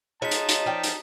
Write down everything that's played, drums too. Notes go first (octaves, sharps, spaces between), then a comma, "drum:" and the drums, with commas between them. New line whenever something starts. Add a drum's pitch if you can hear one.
G#3 D#4 F4 C#5 A5 B6
drum: hi-hat
drum: hi-hat
F3 D5 G5
drum: hi-hat